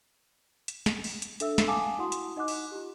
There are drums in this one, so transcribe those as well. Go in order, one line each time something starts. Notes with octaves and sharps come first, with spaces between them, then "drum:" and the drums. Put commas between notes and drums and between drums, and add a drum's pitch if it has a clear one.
drum: hi-hat
drum: snare
drum: open hi-hat
drum: hi-hat
D4 A4 E5 E6, drum: hi-hat
drum: snare
F5 F#5 G#5 A5 D6 D#6
E4 F#4 F#5 C6 D#6
drum: hi-hat
D#4 D#5 F#5 D6 F#6
drum: open hi-hat
F4 G4